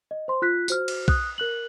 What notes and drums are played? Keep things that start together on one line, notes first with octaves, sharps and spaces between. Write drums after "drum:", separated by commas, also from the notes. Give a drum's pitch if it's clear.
D#5
C5 C6
F4 F#6 B6
F#4 C5 F6, drum: tambourine
drum: cymbal
D#6 F#6, drum: kick
A#4 F#6 F#7